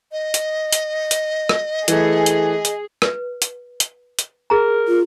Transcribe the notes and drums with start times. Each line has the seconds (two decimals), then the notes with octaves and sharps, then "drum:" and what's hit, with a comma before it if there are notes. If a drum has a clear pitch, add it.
0.12 D#5
0.34 drum: hi-hat
0.73 drum: hi-hat
1.11 drum: hi-hat
1.49 drum: rim click
1.88 E3 A3 G#4, drum: hi-hat
2.26 drum: hi-hat
2.65 drum: hi-hat
3.02 B4, drum: rim click
3.42 drum: hi-hat
3.80 drum: hi-hat
4.19 drum: hi-hat
4.50 G#4 A#4 A#5
4.88 F4